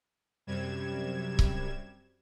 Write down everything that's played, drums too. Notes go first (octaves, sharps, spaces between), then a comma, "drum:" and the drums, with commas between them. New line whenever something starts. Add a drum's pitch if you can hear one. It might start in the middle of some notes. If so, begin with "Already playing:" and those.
F#2 C3 G3 G#6 E7
drum: kick C#1